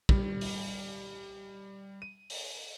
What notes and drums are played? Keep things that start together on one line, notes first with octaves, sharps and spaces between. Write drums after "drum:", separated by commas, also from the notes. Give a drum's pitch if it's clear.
G3, drum: kick
drum: open hi-hat
D#7
drum: open hi-hat